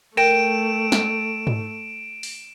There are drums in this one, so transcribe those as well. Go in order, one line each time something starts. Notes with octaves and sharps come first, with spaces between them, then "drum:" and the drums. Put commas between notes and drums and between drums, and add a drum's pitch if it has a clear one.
A3 A#4 G5 D7 E7
drum: snare
drum: tom G#2
drum: open hi-hat